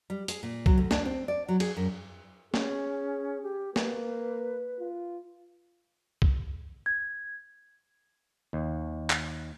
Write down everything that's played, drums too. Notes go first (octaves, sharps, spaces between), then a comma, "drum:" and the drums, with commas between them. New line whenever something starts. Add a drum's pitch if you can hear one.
G3
G#4, drum: hi-hat
A#2
F#3, drum: kick
D2
D4, drum: snare
C4
D5
F#3
G#4, drum: cymbal
F#2
C#4 G#4, drum: snare
G4
A#3 B4, drum: snare
F4
drum: kick
G#6
D#2
drum: clap